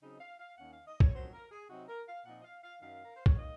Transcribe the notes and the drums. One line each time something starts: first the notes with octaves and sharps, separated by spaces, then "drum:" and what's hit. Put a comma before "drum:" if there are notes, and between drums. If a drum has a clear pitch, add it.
C#3 F#3 C4 D#4 D#5
F5
F5
D#2 D#3 A#3 C#4 F#5
F5
D#5
C#5, drum: kick
F2 D#3 F#3 C#4 C5
A#4
G#4
C3 F#3 C4 D#4 F#4
A#4
F5
A#2 F3 C4 D#4 F#5
D#5
F5
F5
F#2 D#3 F#3 F5
A#4
C5
C#5, drum: kick
D#3 A#3 D#5